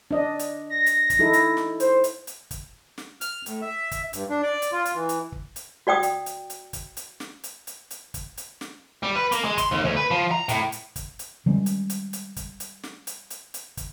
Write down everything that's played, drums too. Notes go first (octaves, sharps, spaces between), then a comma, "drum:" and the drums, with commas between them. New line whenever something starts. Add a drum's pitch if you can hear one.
D4 D#5
drum: hi-hat
A#6
drum: hi-hat
drum: kick, hi-hat
D#4 E4 A4
drum: hi-hat
drum: snare
C5, drum: hi-hat
drum: hi-hat
drum: hi-hat
drum: kick, hi-hat
drum: snare
F6, drum: hi-hat
A2, drum: hi-hat
E5
drum: kick, hi-hat
G2, drum: hi-hat
D4
D5
drum: hi-hat
F4
drum: hi-hat
E3
drum: hi-hat
drum: kick
drum: hi-hat
F#4 D5 G5 D#6
drum: hi-hat
drum: hi-hat
drum: hi-hat
drum: kick, hi-hat
drum: hi-hat
drum: snare
drum: hi-hat
drum: hi-hat
drum: hi-hat
drum: kick, hi-hat
drum: hi-hat
drum: snare
G3
B4
A#3, drum: hi-hat
G#3
C6, drum: kick, hi-hat
D#2
D2
B4
F3
A#5
A2, drum: hi-hat
drum: hi-hat
drum: kick, hi-hat
drum: hi-hat
D#3 G3 G#3 C#4
drum: hi-hat
drum: hi-hat
drum: hi-hat
drum: kick, hi-hat
drum: hi-hat
drum: snare
drum: hi-hat
drum: hi-hat
drum: hi-hat
drum: kick, hi-hat